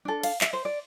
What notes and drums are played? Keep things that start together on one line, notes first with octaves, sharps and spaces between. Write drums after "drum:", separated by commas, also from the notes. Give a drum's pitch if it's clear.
D4 A4
F5, drum: cymbal
E5, drum: clap
C5
D5